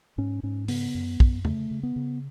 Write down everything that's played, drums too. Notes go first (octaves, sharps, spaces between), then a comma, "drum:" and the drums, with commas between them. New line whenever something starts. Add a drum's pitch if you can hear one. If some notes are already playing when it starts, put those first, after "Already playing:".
G#2 C#4
G#2 C#4
C#3 B3, drum: open hi-hat
F#2
F#2, drum: kick
C#3 A3, drum: tom E2
C#3
B3
C#3